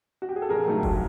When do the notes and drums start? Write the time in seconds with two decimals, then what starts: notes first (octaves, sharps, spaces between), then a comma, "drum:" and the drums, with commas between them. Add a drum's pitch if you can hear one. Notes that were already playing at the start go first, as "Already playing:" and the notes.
0.22 F#4
0.29 G4
0.36 G#4
0.42 A4
0.49 A#1 G#4 A#4
0.66 G#2 D#3 F#3 A3
0.83 A#1, drum: kick F1